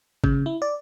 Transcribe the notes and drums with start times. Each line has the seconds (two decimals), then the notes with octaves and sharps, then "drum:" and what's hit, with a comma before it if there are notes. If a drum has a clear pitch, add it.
0.24 C#3, drum: kick G1
0.46 E4
0.62 D5